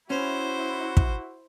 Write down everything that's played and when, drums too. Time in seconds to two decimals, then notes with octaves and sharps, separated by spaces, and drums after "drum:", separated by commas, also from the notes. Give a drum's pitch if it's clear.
0.10 C#4 E4 F#4 C5
0.97 drum: kick